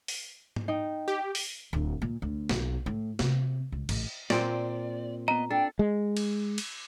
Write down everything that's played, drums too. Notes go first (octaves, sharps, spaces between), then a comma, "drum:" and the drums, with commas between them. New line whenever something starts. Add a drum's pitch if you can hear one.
drum: open hi-hat
drum: tom G#2
D#4 G5
G4
drum: open hi-hat
D1
A#2
D2
B1, drum: snare
A2
C3, drum: snare
C#2
A1, drum: cymbal
A#2 C4 D5 G5, drum: snare
B3 D#5 A#5
D4 A4 G5
G#3
drum: cymbal
drum: cymbal